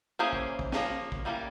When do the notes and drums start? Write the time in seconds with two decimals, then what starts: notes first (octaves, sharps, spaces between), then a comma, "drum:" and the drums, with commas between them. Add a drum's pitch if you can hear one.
0.19 E3 A#3 C#4 G#4 C5
0.33 drum: kick
0.59 drum: kick
0.72 F3 A#3 C#4, drum: snare
1.12 drum: kick
1.25 E3 G3 A#3 C#4